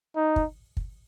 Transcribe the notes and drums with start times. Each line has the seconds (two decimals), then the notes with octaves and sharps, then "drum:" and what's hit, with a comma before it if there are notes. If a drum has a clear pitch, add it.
0.16 D#4
0.36 drum: kick
0.77 drum: kick